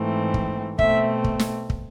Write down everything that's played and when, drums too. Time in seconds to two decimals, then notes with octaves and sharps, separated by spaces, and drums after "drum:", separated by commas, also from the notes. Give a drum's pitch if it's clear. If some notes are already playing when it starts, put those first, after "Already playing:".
Already playing: G#2 E3 A3 C4
0.34 drum: kick
0.79 B2 A3 C4 E5, drum: kick
1.24 drum: kick
1.39 drum: snare
1.70 drum: kick